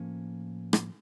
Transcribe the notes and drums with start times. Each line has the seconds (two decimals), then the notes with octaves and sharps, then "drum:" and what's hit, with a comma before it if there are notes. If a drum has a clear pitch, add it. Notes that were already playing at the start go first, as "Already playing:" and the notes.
Already playing: A2 F3 A#3 C#4
0.73 drum: rim click